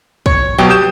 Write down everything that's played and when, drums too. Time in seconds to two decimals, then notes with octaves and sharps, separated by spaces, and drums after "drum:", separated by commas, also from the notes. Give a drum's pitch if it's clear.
0.26 C#5, drum: kick
0.58 B2 F#3 G4
0.70 D#6 G6 E7